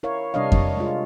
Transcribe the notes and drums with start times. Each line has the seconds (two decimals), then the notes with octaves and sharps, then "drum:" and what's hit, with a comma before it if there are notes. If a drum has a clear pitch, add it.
0.03 E4 A#4 C#5 F5
0.34 C3 G3 D4 C#5 D#5 F5
0.52 drum: kick F2
0.77 G#3 F4